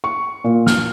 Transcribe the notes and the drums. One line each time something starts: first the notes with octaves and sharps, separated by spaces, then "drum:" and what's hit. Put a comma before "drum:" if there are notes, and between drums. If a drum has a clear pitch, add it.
C#6
A#2
F6, drum: snare